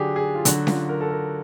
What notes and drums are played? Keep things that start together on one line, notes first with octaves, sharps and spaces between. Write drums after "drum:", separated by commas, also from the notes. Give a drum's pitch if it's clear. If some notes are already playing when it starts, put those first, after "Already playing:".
Already playing: D3 F#3 D4 G4 G#4
G#4
F4
D3 F#3 F#4, drum: hi-hat
F4, drum: snare C#4
A#4
A4
A#4